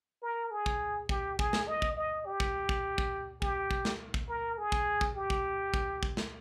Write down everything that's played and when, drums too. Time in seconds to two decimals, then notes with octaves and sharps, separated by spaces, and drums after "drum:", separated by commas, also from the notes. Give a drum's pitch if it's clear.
0.22 A#4
0.51 G#4
0.66 drum: kick
1.09 G4, drum: kick
1.39 G#4, drum: kick
1.53 drum: snare
1.68 D#5
1.82 drum: kick
1.97 D#5
2.26 G4
2.40 drum: kick
2.69 drum: kick
2.98 drum: kick
3.42 G4, drum: kick
3.71 drum: kick
3.85 drum: snare
4.14 drum: kick
4.29 A#4
4.58 G#4
4.72 drum: kick
5.01 drum: kick
5.16 G4
5.30 drum: kick
5.74 drum: kick
6.03 drum: kick
6.17 drum: snare